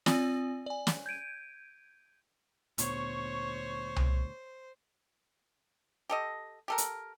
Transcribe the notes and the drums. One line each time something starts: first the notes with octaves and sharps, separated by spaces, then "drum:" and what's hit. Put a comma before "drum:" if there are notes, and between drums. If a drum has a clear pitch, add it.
C4 F4 D5 G#5 D#6, drum: snare
D5 G#5
drum: snare
G6 G#6 D7 D#7
D2 A#2 B3 C5 C#5 C#6, drum: hi-hat
drum: tom C2
G4 A4 D#5
G4 A4 A#4
drum: hi-hat